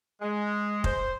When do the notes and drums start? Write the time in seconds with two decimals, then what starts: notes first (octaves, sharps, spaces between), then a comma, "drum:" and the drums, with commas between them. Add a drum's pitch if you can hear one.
0.22 G#3
0.84 C5, drum: kick